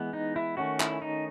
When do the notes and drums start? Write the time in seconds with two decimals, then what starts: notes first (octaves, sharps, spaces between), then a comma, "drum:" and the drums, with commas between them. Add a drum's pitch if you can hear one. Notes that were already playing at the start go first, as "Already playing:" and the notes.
Already playing: E3 G#3 B3
0.13 D#4
0.36 E4
0.57 D#3 A3 C#4 F#4
0.80 E4, drum: clap
1.02 D#4